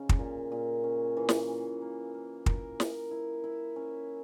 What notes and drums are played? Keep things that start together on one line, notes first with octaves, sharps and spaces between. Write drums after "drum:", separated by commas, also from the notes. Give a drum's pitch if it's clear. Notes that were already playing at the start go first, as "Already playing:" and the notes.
Already playing: C#3 C#4 D#4
drum: kick
A#2
A#2
C#4
E3
drum: snare
E3
A#3
A#3
A#4, drum: kick
A#4, drum: snare
E4
E4
C#4